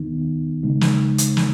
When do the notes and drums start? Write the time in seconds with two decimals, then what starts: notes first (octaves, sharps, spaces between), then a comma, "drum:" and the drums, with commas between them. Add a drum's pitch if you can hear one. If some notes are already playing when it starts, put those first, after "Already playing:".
Already playing: D#3 B3 D#4
0.63 C#3 G#3 D#4
0.81 drum: snare
1.18 drum: hi-hat
1.37 drum: snare